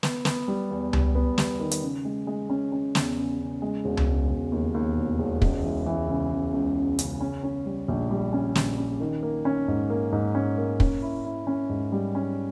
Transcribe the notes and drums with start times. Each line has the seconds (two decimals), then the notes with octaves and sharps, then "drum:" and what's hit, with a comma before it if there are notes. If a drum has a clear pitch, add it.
0.03 B3, drum: snare
0.25 B3, drum: snare
0.48 G3
0.70 E2
0.93 G3, drum: tom C#2
1.15 B3
1.38 G3, drum: snare
1.60 D#3
1.71 drum: hi-hat
1.82 C#3
2.05 G#3
2.27 G#3
2.50 C#4
2.72 C#4
2.95 E2, drum: snare
3.17 C#3
3.39 C#3
3.62 G#3
3.85 E1
3.97 drum: tom C#2
4.07 C#3
4.30 E1
4.52 D#2
4.74 D#2
4.97 E1
5.18 E1
5.42 C#2, drum: kick
5.64 E3
5.86 E3
6.08 C#3
6.31 C#3
6.53 C#2
6.76 C#3
6.99 C#3, drum: hi-hat
7.21 C#4
7.43 C#4
7.66 G3
7.88 A#1
8.11 G3
8.33 C#4
8.55 A#1, drum: snare
8.78 C#4
9.00 D#3
9.23 A#3
9.45 C#4
9.68 G#2
9.90 A#3
10.12 G#2
10.35 C#4
10.58 A#3
10.80 C#4, drum: kick
11.02 E4
11.25 E4
11.47 C#4
11.69 G#2
11.92 G3
12.15 C#4